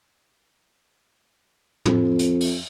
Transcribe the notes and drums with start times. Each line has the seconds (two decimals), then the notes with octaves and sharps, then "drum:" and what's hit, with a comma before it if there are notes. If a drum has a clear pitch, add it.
1.85 F2, drum: tom
2.19 drum: hi-hat
2.41 drum: open hi-hat